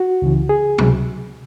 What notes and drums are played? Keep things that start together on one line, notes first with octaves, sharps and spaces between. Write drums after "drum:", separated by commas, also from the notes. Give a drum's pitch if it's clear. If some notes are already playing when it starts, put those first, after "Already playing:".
Already playing: F#4
C#2 C#3 E3
G#4
C#2 C3 F#3, drum: tom